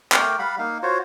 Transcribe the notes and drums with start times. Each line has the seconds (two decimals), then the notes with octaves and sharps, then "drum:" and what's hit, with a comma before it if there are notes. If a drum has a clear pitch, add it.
0.12 A3 A#4 G5 D6, drum: clap
0.39 G3 F5 F#5 B5
0.59 A#3 D#4 F5
0.83 F4 F#4 C5 C#5